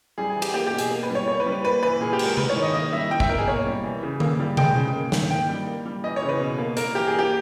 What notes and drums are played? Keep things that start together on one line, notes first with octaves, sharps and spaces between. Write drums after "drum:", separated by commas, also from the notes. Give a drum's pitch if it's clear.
G3 G#4
G#4
E3
G4, drum: cymbal
A#3 G4
G4
B2
G#4, drum: hi-hat
A#3
B4
G3
C#5
A#3 C#5
B4
G3
B4
A#3 B4
E3 B4
A#2 G#4
G4
G#3, drum: cymbal
A#4
G#3 B4, drum: tom C3
C#5
D#3
D#5
A#3 D#5
G3 E5
G3 G5
E5, drum: kick
B2 A#4
G#4
A#3 C#5
G3
E3
C#3
A#3, drum: tom D3
G3
G#3 G5, drum: tom B2
C#3
A#3
D#3, drum: snare
A#3 G5
G3
A#3
G3
E3 D#5
C#5
C#3
B4
B2
A#3
A#3 A#4, drum: hi-hat
E3 G4
G#4
A#3 G4